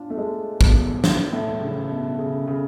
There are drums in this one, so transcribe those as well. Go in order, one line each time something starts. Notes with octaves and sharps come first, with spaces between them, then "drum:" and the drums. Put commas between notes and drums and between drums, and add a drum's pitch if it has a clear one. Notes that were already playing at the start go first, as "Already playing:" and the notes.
Already playing: D4 F4
A3
G#3
B2, drum: kick
drum: snare
A2
C#3
B2
C#3
C#3